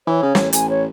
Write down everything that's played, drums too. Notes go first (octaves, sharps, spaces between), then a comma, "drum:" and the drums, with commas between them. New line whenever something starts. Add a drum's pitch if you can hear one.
E3 C#5
C#3
A1, drum: snare
A1 G#5, drum: hi-hat
C#5